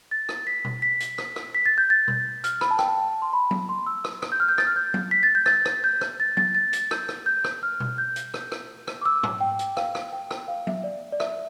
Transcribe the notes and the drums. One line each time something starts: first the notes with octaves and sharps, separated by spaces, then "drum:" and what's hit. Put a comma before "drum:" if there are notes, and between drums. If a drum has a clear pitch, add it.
A6
drum: rim click
B6
drum: tom B2
B6
drum: hi-hat
drum: rim click
drum: rim click
B6
A6
G6
A6
drum: tom B2
F6, drum: hi-hat
B5, drum: rim click
A5
G5, drum: rim click
A5
C6
B5
drum: tom F#3
C6
E6
drum: rim click
drum: rim click
G6
F6
G6
A6, drum: rim click
F6
G6
drum: tom F#3
B6
A6
G6
A6, drum: rim click
drum: rim click
G6
drum: rim click
A6
A6, drum: tom F#3
A6
drum: hi-hat
G6, drum: rim click
drum: rim click
G6
drum: rim click
F6
drum: tom B2
G6
drum: hi-hat
drum: rim click
drum: rim click
drum: rim click
D6
E6
drum: tom
G5
drum: hi-hat
F5, drum: rim click
drum: rim click
G5
drum: rim click
F5
E5, drum: tom F#3
D5
D5
E5, drum: rim click